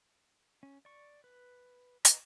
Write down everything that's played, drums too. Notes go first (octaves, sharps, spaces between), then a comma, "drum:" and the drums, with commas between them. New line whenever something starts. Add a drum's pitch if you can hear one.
C#4
D5 C#6
B4
B4 D#5 A#5, drum: hi-hat